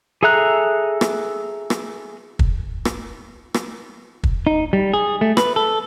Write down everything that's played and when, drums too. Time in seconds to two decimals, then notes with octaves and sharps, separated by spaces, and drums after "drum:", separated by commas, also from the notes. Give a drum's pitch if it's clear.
0.23 G#4 A4 E5 A#5 F#6
1.01 drum: rim click
1.70 drum: rim click
2.39 drum: kick
2.85 drum: rim click
3.54 drum: rim click
4.23 drum: kick
4.47 D#4
4.73 G3
4.93 G#4
5.21 A3
5.37 B4, drum: rim click
5.56 A4